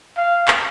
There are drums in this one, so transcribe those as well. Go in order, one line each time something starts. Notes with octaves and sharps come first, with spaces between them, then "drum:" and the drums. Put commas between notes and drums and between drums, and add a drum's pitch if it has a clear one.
F5
drum: clap